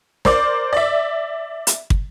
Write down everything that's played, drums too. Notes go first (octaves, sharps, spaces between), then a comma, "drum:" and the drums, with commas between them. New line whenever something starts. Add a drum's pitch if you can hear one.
A#4 C5 D5 D6, drum: snare
D5 E5
drum: hi-hat
drum: kick